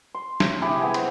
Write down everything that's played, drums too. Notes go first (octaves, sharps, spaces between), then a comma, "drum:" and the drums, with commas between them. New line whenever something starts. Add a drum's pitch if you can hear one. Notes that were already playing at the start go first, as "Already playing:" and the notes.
C6
drum: snare
C3 E4 G4 G#4
B3 G#4
C5, drum: cymbal